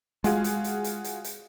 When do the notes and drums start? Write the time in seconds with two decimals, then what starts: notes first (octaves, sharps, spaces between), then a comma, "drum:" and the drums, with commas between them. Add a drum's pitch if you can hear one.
0.24 G#3 F4 F#4 G#4, drum: hi-hat
0.44 drum: hi-hat
0.64 drum: hi-hat
0.84 drum: hi-hat
1.04 drum: hi-hat
1.24 drum: hi-hat